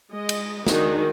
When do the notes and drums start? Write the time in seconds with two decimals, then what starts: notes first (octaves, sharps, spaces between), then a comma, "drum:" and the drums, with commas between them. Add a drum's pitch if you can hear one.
0.11 G#3 D#5
0.29 drum: cymbal
0.67 D#3 G#3 D4 D#4 F#4 G#4, drum: snare